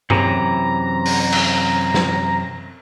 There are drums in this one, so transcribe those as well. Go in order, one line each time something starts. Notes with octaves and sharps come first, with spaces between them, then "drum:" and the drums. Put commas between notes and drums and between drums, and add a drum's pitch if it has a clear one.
F#2 C3 E3 A#5, drum: tom G2
drum: open hi-hat
drum: cymbal
drum: snare